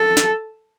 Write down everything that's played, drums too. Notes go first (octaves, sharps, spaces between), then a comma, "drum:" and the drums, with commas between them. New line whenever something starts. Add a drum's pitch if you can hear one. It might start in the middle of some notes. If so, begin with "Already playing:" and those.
Already playing: A4
drum: snare